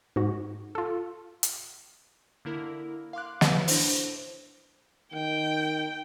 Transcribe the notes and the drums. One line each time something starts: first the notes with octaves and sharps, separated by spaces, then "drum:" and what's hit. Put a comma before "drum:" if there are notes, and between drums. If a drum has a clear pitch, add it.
G#2 F#4
F4 A4
drum: hi-hat
D3 A#3 E4 A#4
F5 C6 D6 F#6
C#2 B4, drum: snare
A2 D4 E4 C5, drum: open hi-hat
D#3 G5